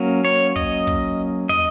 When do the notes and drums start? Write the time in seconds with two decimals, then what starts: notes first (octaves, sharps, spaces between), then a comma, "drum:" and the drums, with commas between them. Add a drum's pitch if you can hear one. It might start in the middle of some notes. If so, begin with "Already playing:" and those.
Already playing: F#3 A#3 C#4
0.25 C#5
0.56 D#5, drum: kick, hi-hat
0.87 drum: kick, hi-hat
1.49 D#5, drum: tom